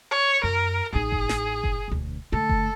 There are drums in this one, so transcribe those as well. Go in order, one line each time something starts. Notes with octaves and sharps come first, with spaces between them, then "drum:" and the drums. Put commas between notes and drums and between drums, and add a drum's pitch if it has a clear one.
C#5
F#2 A#4
A1 D#4 G#4
drum: kick F#1
drum: snare
drum: kick F#1
E1 D2
D3 A3 A4
drum: kick F#1